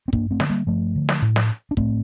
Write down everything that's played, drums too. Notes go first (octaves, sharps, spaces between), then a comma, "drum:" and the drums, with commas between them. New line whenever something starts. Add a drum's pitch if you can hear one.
C4
G2 A#3 D4, drum: kick
A3 C4
D3, drum: snare
G3 A#3
G2 F3 A3
D3
drum: snare
A2
drum: snare
D4
A2 A3 C4, drum: kick